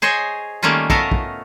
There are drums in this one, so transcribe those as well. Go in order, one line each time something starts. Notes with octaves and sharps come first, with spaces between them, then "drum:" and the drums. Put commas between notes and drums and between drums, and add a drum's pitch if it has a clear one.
G#4 C5 C#5 D#5 G#5
D#3 G3 A3 A#3 C#4 F4
A3 B3 A4 A#4 D#5 F5, drum: kick
drum: kick